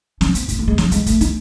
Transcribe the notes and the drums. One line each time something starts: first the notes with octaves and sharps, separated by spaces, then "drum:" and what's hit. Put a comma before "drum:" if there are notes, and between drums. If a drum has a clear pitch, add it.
C#4, drum: snare
C4, drum: hi-hat
A3, drum: kick, hi-hat
A3
G#3
F#3, drum: snare
G#3, drum: hi-hat
A3, drum: kick, hi-hat
D#4, drum: hi-hat